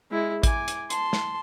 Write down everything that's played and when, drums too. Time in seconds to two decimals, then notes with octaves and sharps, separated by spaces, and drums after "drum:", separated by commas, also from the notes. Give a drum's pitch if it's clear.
0.11 G#3 E4
0.43 G#5 D6, drum: kick A1, hi-hat
0.68 drum: hi-hat
0.90 A5 C6, drum: hi-hat
1.13 drum: snare